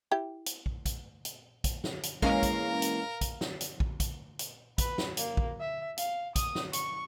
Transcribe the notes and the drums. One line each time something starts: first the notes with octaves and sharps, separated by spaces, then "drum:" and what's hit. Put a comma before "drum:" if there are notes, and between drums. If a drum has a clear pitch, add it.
E4 G4 G5
drum: hi-hat
drum: kick
drum: kick, hi-hat
drum: hi-hat
drum: kick, hi-hat
drum: snare
drum: hi-hat
E3 G#3 A#3 C#4 A#4 F5, drum: kick
drum: kick, hi-hat
drum: hi-hat
drum: kick, hi-hat
drum: snare
drum: hi-hat
drum: kick
drum: kick, hi-hat
drum: hi-hat
B4, drum: kick, hi-hat
drum: snare
A#3, drum: hi-hat
drum: kick
E5
F5, drum: hi-hat
D#6, drum: kick, hi-hat
drum: snare
C#6, drum: hi-hat